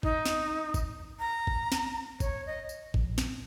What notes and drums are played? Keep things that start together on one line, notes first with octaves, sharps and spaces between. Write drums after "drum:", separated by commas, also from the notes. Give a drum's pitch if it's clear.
D#4, drum: kick G#1
drum: snare
drum: kick G#1, tambourine
A#5
drum: kick G#1
drum: snare
C#5, drum: kick G#1, tambourine
D#5
drum: tambourine
A#1, drum: kick G#1
drum: snare